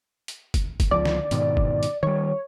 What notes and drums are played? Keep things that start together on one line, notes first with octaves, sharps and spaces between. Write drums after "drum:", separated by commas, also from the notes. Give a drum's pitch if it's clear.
drum: hi-hat
drum: kick F#1, hi-hat
drum: kick F#1, hi-hat
C#2 F3 D5
drum: snare
G#2 B2 D#3, drum: hi-hat
drum: kick F#1
drum: hi-hat
D#3 G3 C#5